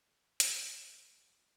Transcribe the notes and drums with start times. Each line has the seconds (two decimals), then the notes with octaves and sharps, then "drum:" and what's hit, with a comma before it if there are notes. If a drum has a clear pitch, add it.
0.40 G4 G#4 E5, drum: hi-hat